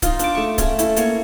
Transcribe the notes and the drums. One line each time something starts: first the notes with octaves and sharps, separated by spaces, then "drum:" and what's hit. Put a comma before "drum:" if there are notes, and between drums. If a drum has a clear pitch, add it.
D#4 F4, drum: kick C#1, hi-hat
D4 D6, drum: hi-hat
A3 C#6
A3 C#4, drum: kick C#1, hi-hat
E4 A4, drum: hi-hat
A#3 C#5, drum: hi-hat